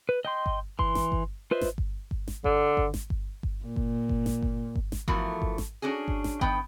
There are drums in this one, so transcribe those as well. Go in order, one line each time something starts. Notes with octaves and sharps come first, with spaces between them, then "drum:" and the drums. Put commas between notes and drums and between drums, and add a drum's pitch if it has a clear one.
B4
D#5 G5 C6
drum: kick G1
E3 C6, drum: kick G1
drum: snare G#1
drum: kick G1
F4 B4 C5 D#5 E5
drum: snare G#1
drum: kick G1
drum: kick G1
drum: snare G#1
D3, drum: kick G1
drum: kick G1
drum: snare G#1
drum: kick G1
drum: kick G1
A#2
drum: kick G1
drum: kick G1
drum: snare G#1
drum: kick G1
drum: kick G1
drum: snare G#1
E3 F3 A3 B3 F#4 A#4, drum: kick G1
drum: kick G1
drum: snare G#1
C#4 D4 F#4 G#4
drum: kick G1
drum: snare G#1
D#3 B3 B4 G5, drum: kick G1